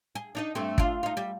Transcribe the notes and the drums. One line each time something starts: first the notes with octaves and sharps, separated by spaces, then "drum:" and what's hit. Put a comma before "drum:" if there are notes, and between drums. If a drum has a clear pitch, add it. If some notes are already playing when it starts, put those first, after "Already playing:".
G#4
D4 D#4 D#5
G2 A3 C4
D4 F4, drum: kick
D#4 F4
G3